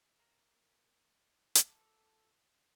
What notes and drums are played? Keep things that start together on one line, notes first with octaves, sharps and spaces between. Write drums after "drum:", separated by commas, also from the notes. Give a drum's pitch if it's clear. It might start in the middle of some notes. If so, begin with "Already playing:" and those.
A#3
F4 A4 D6, drum: hi-hat